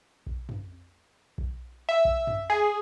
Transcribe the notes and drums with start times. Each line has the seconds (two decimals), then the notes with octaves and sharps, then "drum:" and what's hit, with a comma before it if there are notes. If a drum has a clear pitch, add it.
0.27 drum: kick B1
0.49 drum: tom
1.38 drum: kick B1
1.89 E5
2.05 drum: kick B1
2.27 drum: tom
2.50 G#4